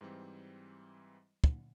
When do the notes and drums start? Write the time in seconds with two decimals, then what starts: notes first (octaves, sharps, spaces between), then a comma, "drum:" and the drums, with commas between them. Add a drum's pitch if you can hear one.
0.01 G#2 E3 G3 C4
1.44 drum: kick